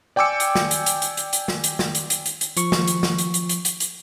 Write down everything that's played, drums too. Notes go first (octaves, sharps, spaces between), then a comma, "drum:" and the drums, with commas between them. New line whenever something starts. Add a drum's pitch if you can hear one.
D5 G5 G#5 D6 E6 C#7
drum: hi-hat
drum: snare
drum: hi-hat
drum: hi-hat
drum: hi-hat
drum: hi-hat
drum: hi-hat
drum: snare
drum: hi-hat
drum: snare
drum: hi-hat
drum: hi-hat
drum: hi-hat
drum: hi-hat
F3 C#6, drum: hi-hat
drum: snare
drum: hi-hat
drum: snare
drum: hi-hat
drum: hi-hat
drum: hi-hat
drum: hi-hat
drum: hi-hat